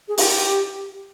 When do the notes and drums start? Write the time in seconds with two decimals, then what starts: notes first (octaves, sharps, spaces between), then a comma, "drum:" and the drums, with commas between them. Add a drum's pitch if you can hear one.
0.08 G#4
0.18 G4, drum: open hi-hat